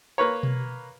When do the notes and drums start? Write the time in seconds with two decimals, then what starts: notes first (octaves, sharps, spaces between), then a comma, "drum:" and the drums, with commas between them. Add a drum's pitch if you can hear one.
0.18 A#3 B4 C#5
0.43 drum: tom B2